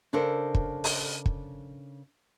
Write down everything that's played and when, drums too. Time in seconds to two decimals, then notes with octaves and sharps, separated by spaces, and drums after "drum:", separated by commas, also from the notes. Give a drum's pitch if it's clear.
0.13 C#3 D4 A4 A#4 C5
0.55 drum: kick
0.84 drum: open hi-hat
1.26 drum: kick